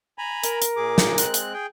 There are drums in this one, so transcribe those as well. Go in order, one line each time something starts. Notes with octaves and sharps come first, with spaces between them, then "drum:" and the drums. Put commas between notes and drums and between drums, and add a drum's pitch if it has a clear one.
G#5 A#5 B5
A#4, drum: hi-hat
drum: hi-hat
A#2 G#4 D6
drum: snare
G#3 C4 F#6, drum: hi-hat
drum: hi-hat
G#4 G5